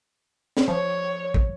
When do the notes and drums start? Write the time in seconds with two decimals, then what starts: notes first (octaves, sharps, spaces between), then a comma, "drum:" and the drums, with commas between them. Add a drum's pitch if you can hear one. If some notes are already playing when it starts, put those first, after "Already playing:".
0.57 drum: snare
0.68 F3 C#5
1.34 drum: kick